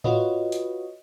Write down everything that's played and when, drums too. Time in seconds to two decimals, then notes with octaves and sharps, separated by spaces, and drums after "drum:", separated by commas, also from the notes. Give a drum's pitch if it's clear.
0.04 F4 F#4 B4 C#5 D#5, drum: tom A2
0.52 drum: hi-hat